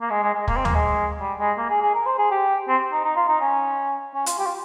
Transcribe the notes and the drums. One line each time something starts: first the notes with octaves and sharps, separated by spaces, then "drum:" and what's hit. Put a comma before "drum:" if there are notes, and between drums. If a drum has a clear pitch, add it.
A#3
G#3
G#3
G#3
A#3, drum: kick
C4
A#3, drum: tom
G#3
G3
G#3
A#3
G#4
G#4
A#4
C5
G#4
G4
C4
D#4
D#4
F4
D#4
C#4
C#4
F4, drum: hi-hat
G4
F4